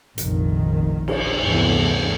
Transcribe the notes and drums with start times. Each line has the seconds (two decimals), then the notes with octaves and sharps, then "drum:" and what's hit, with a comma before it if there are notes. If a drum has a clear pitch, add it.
0.18 F1 A#1 A#2 D#3, drum: hi-hat
1.08 drum: cymbal
1.42 D2 G2 C3 E3 A3 B3